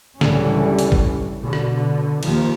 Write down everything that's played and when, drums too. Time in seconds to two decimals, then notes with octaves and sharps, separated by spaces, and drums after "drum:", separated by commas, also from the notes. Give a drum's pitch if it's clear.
0.21 C#2 A2 D3 E3 G3 C#4, drum: snare
0.79 drum: open hi-hat
0.92 drum: kick G#1
1.41 B2 D3
1.53 drum: rim click
2.23 D#2 D#3 F3, drum: cymbal